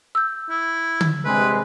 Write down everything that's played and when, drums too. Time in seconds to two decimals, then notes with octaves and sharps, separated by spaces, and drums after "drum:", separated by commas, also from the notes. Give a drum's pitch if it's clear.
0.15 E6 G6
0.50 E4
1.01 drum: tom D3
1.25 G2 C3 G#3 B4